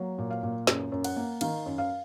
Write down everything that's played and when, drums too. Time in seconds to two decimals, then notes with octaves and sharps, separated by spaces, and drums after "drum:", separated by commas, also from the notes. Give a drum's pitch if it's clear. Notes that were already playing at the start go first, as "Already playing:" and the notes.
Already playing: F#3 A#3
0.18 A#2
0.30 F5
0.43 A#2
0.67 F#2, drum: snare
0.92 F#2
1.04 F#5, drum: cymbal
1.16 A#3
1.41 D#3 F5, drum: cymbal
1.66 F#2
1.78 F5